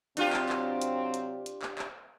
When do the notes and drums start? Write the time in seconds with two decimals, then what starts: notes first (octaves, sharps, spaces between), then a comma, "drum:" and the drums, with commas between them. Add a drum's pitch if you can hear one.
0.17 C3 F#3 C4 D4 F4 G4, drum: hi-hat
0.33 drum: clap
0.49 drum: clap
0.81 drum: hi-hat
1.14 drum: hi-hat
1.46 drum: hi-hat
1.62 drum: clap
1.78 drum: clap